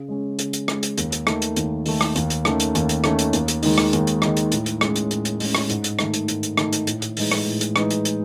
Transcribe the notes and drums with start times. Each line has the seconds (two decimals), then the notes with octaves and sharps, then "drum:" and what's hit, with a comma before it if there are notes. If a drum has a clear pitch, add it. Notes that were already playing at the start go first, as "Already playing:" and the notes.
Already playing: C#3
0.09 G#3 C#4
0.39 C#3, drum: hi-hat
0.53 drum: hi-hat
0.68 G#3 C#4, drum: rim click
0.83 drum: hi-hat
0.98 D#2, drum: hi-hat
1.12 drum: hi-hat
1.27 D#3 A3, drum: rim click
1.42 drum: hi-hat
1.56 D#2, drum: hi-hat
1.86 D#3 A3, drum: open hi-hat
2.01 drum: rim click
2.16 D#2, drum: hi-hat
2.30 drum: hi-hat
2.45 D#3 A3 C#4, drum: rim click
2.60 drum: hi-hat
2.75 D#2, drum: hi-hat
2.89 drum: hi-hat
3.04 D#3 A3 C#4, drum: rim click
3.19 drum: hi-hat
3.33 D#2, drum: hi-hat
3.48 drum: hi-hat
3.63 D#3 G#3 D#4, drum: open hi-hat
3.78 drum: rim click
3.93 D#2, drum: hi-hat
4.07 drum: hi-hat
4.22 D#3 G#3 D#4, drum: rim click
4.37 drum: hi-hat
4.52 A2, drum: hi-hat
4.66 drum: hi-hat
4.81 G#3 C#4, drum: rim click
4.96 drum: hi-hat
5.11 A2, drum: hi-hat
5.25 drum: hi-hat
5.40 G#3 C#4, drum: open hi-hat
5.55 drum: rim click
5.70 G#2, drum: hi-hat
5.84 drum: hi-hat
5.99 D#3 A3 D#4, drum: rim click
6.14 drum: hi-hat
6.28 G#2, drum: hi-hat
6.43 drum: hi-hat
6.57 D#3 A3 D#4, drum: rim click
6.73 drum: hi-hat
6.87 A2, drum: hi-hat
7.02 drum: hi-hat
7.17 E3 G#3 D#4, drum: open hi-hat
7.31 drum: rim click
7.46 A2
7.61 drum: hi-hat
7.76 E3 G#3 D#4, drum: rim click
7.90 drum: hi-hat
8.05 drum: hi-hat